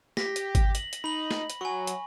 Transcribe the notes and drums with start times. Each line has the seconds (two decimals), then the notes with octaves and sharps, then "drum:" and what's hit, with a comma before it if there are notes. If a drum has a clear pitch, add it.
0.17 G4 A#6 B6, drum: snare
0.36 drum: hi-hat
0.55 drum: kick G#1, hi-hat
0.75 F#7, drum: hi-hat
0.93 drum: hi-hat
1.04 D#4 B5 F#7
1.31 drum: snare
1.50 drum: hi-hat
1.61 F#3 G#5 C#6
1.87 drum: hi-hat